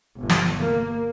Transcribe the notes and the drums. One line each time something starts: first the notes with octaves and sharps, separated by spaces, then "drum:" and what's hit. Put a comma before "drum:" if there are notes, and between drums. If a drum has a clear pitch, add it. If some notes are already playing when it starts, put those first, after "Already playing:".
G1
drum: snare
A#3